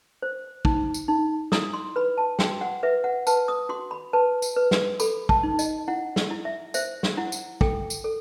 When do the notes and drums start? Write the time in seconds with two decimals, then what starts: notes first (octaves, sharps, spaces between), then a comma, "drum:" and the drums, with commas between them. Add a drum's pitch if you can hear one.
0.22 C5
0.65 D#4, drum: kick
0.94 drum: tambourine
1.08 D#4
1.52 E4 D#6, drum: snare
1.73 C6
1.96 B4 B5
2.17 A5
2.39 F#4 G5, drum: snare
2.61 F#5
2.83 B4 E5
3.04 F#5
3.27 B4 A5, drum: tambourine
3.48 D#6
3.69 F#4 C6
3.91 B5
4.13 B4 A5
4.42 drum: tambourine
4.56 B4
4.71 drum: snare
5.00 A4 B5, drum: tambourine
5.29 A5, drum: kick
5.43 D#4
5.59 D#5, drum: tambourine
5.88 E4 F#5
6.16 drum: snare
6.31 E4
6.45 E5
6.74 C5 E5, drum: tambourine
7.03 drum: snare
7.17 E4 F#5
7.32 drum: tambourine
7.61 A4 G5, drum: kick
7.90 drum: tambourine
8.04 A4